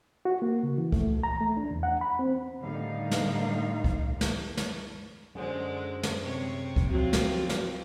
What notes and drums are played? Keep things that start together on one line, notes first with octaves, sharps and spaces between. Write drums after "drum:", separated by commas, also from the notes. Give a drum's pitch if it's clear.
F#4
A#3
C#3
E3
A3, drum: kick C#2
A#5
A3
D4
E2
F#5
B5
C4
A2 D3 D#3 G3 D#4 F5
drum: snare
drum: kick C#2
drum: snare
drum: snare
F#2 D3 F#3 G#3 G#4 C5
drum: snare
C3 C#5
drum: kick C#2
F3 F#3 C4 F4 F#4
drum: snare
drum: snare